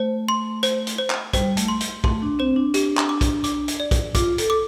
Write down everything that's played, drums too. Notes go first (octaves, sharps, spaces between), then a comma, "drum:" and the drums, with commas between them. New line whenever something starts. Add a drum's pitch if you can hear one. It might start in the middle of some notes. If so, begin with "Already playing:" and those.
Already playing: A3 C5
C6
C5, drum: hi-hat
drum: hi-hat
C5
drum: clap
G3 C5, drum: kick, hi-hat
A3, drum: hi-hat
C6
drum: hi-hat
A3 C6, drum: kick
D4
C4 C5
D4
G4, drum: hi-hat
drum: clap
D6
drum: kick, hi-hat
D6, drum: hi-hat
drum: hi-hat
D5
drum: kick, hi-hat
F4 D6, drum: kick, hi-hat
A4, drum: hi-hat
D6